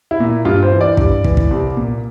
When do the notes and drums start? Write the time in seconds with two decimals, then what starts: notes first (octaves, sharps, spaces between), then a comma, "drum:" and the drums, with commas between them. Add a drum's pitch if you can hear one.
0.11 E4
0.20 A#2
0.45 G2 F4
0.63 C5
0.72 E3
0.81 D5
0.97 G2, drum: kick
1.24 E3, drum: kick
1.37 drum: kick
1.50 C2
1.77 A#2